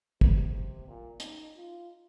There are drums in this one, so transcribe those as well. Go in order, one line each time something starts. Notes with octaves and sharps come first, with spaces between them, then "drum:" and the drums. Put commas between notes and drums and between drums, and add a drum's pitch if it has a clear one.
C3, drum: kick
A#2
D#4, drum: hi-hat
F4